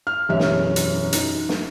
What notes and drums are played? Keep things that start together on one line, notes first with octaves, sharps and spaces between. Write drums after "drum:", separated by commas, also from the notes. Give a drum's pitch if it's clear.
F6
E1 F#2 C#4 G4 E5 F6
drum: snare
drum: hi-hat
D#4, drum: hi-hat
drum: snare